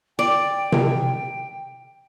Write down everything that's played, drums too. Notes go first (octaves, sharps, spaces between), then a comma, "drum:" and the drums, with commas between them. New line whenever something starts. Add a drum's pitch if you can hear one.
D5 G5
drum: tom C3